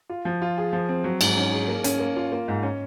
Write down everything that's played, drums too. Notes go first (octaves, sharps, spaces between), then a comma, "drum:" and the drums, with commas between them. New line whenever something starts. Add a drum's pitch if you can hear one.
F4
F3
F4
G#4
F3
C4
F#3
G#2, drum: cymbal
C#4
G#4
A#3
C#4, drum: hi-hat
A#3
F4
A#3
G#2
C#4